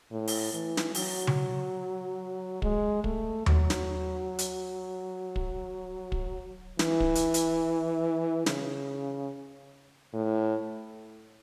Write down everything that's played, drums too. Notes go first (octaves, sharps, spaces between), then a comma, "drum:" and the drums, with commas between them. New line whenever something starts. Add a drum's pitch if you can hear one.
A2
drum: open hi-hat
E3
drum: snare
F#3, drum: open hi-hat
drum: tom C#3
G#3, drum: kick
A3, drum: kick
F#3, drum: tom D#2
drum: snare
drum: hi-hat
drum: kick
drum: kick
E3, drum: snare
drum: kick
drum: hi-hat
drum: hi-hat
C#3, drum: snare
A2